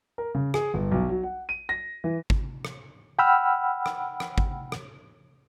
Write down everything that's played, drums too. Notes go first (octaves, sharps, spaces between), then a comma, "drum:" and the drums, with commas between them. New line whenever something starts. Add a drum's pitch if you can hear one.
A#4
C#3
G#4, drum: rim click
G1
B1
F#3
F#5
D#7
A#6
E3
drum: kick
drum: rim click
F#5 G5 B5 E6 F6
drum: rim click
drum: rim click
drum: kick
drum: rim click